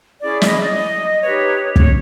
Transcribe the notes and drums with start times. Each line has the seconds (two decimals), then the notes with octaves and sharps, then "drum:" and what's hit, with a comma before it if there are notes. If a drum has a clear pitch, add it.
0.21 C#4 E4 G#4 D5
0.42 E5, drum: snare
0.47 D#5
0.64 D5
0.73 D#5
1.24 D#4 G4 B4 C#5
1.76 C#5, drum: kick